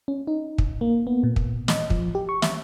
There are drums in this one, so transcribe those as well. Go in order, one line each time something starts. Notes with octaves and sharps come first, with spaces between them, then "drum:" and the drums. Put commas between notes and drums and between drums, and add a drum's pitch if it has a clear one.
C#4
D#4
drum: kick
A#3
B3
A#2
drum: kick
D#5, drum: snare
F3, drum: kick
G4
C#6
E5, drum: snare